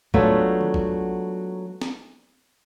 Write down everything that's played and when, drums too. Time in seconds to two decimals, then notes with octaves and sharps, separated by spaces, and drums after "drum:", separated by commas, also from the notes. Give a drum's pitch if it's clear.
0.14 F#3 G#3 A3 B3 D4 F4, drum: kick
0.61 drum: tom D#3
0.74 drum: kick
1.82 drum: snare